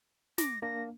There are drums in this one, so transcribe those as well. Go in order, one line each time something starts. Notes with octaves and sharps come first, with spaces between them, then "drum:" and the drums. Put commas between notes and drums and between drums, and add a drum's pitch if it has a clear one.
D6 A#6, drum: snare
A#3 D4 A#6